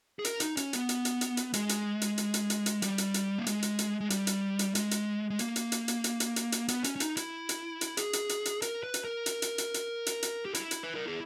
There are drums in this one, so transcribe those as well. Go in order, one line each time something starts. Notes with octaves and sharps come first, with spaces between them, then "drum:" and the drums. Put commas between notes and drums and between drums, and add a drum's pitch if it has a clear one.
G#4
A#4, drum: hi-hat
D#4, drum: hi-hat
C#4, drum: hi-hat
B3, drum: hi-hat
drum: hi-hat
drum: hi-hat
drum: hi-hat
drum: hi-hat
G#3, drum: hi-hat
drum: hi-hat
drum: hi-hat
drum: hi-hat
drum: hi-hat
drum: hi-hat
drum: hi-hat
G3, drum: hi-hat
drum: hi-hat
drum: hi-hat
A#3
G#3, drum: hi-hat
drum: hi-hat
drum: hi-hat
G#3
G3, drum: hi-hat
drum: hi-hat
drum: hi-hat
G#3, drum: hi-hat
drum: hi-hat
G#3
A#3, drum: hi-hat
drum: hi-hat
drum: hi-hat
drum: hi-hat
drum: hi-hat
drum: hi-hat
drum: hi-hat
drum: hi-hat
B3, drum: hi-hat
C#4, drum: hi-hat
C#4
D#4, drum: hi-hat
E4, drum: hi-hat
drum: hi-hat
drum: hi-hat
G#4, drum: hi-hat
drum: hi-hat
drum: hi-hat
drum: hi-hat
A#4, drum: hi-hat
B4
drum: hi-hat
A#4
drum: hi-hat
drum: hi-hat
drum: hi-hat
drum: hi-hat
drum: hi-hat
drum: hi-hat
G4
E4, drum: hi-hat
drum: hi-hat
B4
A#4
G#4